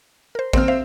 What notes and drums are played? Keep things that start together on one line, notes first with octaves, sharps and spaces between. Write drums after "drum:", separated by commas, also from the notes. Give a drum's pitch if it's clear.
A#4 C5
D#3 A#3 C4 F6, drum: kick A1
C5 E5 F5